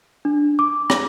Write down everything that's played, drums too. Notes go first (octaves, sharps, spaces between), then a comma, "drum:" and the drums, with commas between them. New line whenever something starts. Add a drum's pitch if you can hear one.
D4
D6
drum: rim click